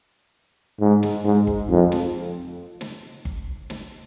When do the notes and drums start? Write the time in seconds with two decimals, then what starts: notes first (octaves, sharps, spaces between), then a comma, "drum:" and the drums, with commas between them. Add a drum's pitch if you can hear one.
0.80 G#2
1.03 drum: snare
1.24 G#2
1.47 drum: kick G1
1.70 F2
1.92 drum: snare
2.81 drum: snare
3.25 drum: kick G1
3.70 drum: snare